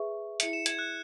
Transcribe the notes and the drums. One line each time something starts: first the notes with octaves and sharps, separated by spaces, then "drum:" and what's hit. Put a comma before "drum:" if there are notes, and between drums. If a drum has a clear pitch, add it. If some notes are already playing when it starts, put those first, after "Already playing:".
Already playing: G#4 B4 E5 C#6
E4 G#4 E5 C#7, drum: hi-hat
E7
G#6, drum: hi-hat
F#6